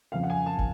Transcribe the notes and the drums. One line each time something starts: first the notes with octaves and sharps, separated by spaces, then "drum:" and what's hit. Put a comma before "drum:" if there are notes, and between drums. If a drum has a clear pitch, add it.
F2 C#3 F3 F5
F#5
G#5
A5
drum: kick